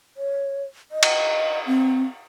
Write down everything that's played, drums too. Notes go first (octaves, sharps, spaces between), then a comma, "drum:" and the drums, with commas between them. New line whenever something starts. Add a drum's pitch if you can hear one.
C#5
D#5
drum: cymbal
C4